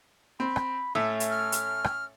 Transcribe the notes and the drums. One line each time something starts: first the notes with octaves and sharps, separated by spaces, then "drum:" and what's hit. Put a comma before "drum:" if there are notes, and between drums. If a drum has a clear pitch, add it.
C4 B5
drum: rim click
A2 A3 C#4
drum: hi-hat
F6
drum: hi-hat
drum: rim click